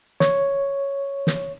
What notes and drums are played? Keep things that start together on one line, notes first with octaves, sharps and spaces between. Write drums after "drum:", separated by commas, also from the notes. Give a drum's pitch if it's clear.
C#5, drum: snare
drum: snare